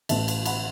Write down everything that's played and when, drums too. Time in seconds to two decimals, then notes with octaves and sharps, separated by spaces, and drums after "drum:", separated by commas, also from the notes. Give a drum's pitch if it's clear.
0.09 A1 A2 A3 E5 A5, drum: cymbal
0.28 drum: cymbal
0.45 F#5 B5, drum: cymbal